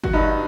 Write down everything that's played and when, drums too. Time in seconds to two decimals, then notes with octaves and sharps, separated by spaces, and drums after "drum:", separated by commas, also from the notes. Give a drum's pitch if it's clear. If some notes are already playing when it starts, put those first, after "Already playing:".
0.04 F#4, drum: kick
0.13 G2 D#4